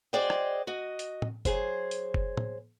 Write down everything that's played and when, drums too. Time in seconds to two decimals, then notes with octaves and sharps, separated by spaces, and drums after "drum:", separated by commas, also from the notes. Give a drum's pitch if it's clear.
0.13 F#4 G#4 C5 D5 D#5 G5
0.30 drum: rim click
0.67 F#4 D#5
0.99 drum: hi-hat
1.22 drum: tom
1.45 F#3 G#4 C5, drum: kick F#1, hi-hat
1.91 drum: hi-hat
2.14 drum: kick F#1
2.37 drum: tom